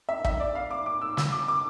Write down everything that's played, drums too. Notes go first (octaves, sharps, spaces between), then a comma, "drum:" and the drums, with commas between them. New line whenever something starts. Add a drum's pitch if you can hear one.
E5
E5, drum: kick
D5
F5
D6
D6
E6
E6, drum: snare
D6
D6